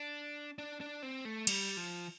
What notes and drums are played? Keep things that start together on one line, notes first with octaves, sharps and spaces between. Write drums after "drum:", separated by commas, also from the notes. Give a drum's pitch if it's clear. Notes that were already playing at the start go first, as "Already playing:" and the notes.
Already playing: D4
D4
D4
C4
A3
G3, drum: cymbal
F3